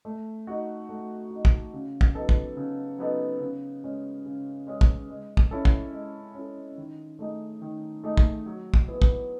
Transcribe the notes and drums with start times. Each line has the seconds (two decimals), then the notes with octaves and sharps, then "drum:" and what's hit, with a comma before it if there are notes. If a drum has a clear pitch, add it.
0.05 A3
0.47 D#4 F#4
0.89 A3
1.30 F#4
1.35 D#4
1.45 drum: kick
1.73 C#3
2.01 drum: kick
2.15 F#3 B3 D#4 A4
2.29 drum: kick
2.57 C#3
2.98 F#3 B3 D#4 A4
3.41 C#3
3.83 G#3 C#4 G#4
4.26 C#3
4.67 G#3 C#4 G#4
4.81 drum: kick
5.10 G#3
5.37 drum: kick
5.51 C#4 E4 A4
5.65 drum: kick
5.93 G#3
6.35 C#4 E4 A4
6.78 D#3
7.19 A3 D#4 G#4
7.62 D#3
8.03 A3 D#4 G#4
8.17 drum: kick
8.46 F#3
8.74 drum: kick
8.88 B3 E4 G#4 B4
9.02 drum: kick